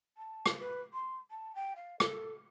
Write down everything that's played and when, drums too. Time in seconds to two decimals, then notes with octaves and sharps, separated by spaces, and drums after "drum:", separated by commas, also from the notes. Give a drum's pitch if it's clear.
0.17 A5
0.46 drum: rim click
0.60 B4
0.93 C6
1.31 A5
1.55 G5
1.76 F5
2.00 A4, drum: rim click